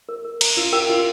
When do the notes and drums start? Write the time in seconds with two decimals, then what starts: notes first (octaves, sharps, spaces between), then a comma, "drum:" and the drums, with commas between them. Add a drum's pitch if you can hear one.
0.09 A#4
0.25 A#4
0.41 A#5, drum: cymbal
0.57 F4 A#4
0.72 G4 A#4
0.89 F4 A#4